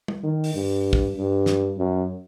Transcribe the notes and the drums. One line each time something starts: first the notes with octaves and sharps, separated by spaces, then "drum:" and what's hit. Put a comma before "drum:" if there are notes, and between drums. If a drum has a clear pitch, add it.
drum: tom
D#3
drum: open hi-hat
G2
drum: kick
G2
drum: snare
F#2